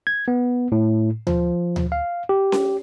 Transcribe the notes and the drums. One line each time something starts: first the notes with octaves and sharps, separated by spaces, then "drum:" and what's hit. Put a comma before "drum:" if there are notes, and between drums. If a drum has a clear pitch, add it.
G#6
B3
A2
F3, drum: tom D2
drum: tom D2
F5
G4
drum: snare C#4